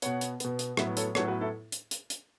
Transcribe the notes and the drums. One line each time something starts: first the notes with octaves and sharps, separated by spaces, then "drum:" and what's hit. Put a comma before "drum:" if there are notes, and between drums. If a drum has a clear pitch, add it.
B2 B3 C#5 F#5, drum: hi-hat
drum: hi-hat
B2 B3, drum: hi-hat
drum: hi-hat
A2 F#3 B3 B4 E5, drum: rim click
A4 C#5, drum: hi-hat
A2 F#3 B3 A4 C#5, drum: rim click
F#4 B4
E4 A4
drum: hi-hat
drum: hi-hat
drum: hi-hat